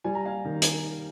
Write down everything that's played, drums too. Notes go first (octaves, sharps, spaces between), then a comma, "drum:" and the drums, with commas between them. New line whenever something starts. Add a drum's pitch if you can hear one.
G3 G#5
A#5
F5 G#5
D#3
drum: hi-hat